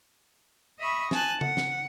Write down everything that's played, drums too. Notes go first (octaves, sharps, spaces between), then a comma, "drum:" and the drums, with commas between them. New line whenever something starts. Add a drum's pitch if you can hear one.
D#5 E5 B5 C#6
G#5 A5 F#6, drum: snare
F#5, drum: tom C#3
drum: snare